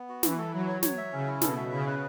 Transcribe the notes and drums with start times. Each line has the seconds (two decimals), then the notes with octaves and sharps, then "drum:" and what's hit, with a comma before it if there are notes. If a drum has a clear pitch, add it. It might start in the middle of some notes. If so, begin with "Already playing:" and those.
Already playing: B3
0.09 F#4
0.23 E3 E4, drum: snare
0.38 A4
0.52 F#3 E4
0.68 C#5
0.83 C#5, drum: snare
0.97 E5
1.12 C#3 C#4
1.27 E4
1.41 B2 A4, drum: snare
1.57 E5
1.72 C#3 E4
1.87 B4